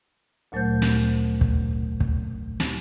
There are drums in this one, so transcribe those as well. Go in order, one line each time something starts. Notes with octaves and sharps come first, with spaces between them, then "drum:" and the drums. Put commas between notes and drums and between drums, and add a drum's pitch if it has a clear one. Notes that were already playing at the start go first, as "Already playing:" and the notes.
D2 A#2 F#3 A3 C5 G6
drum: snare
drum: kick
drum: kick
drum: snare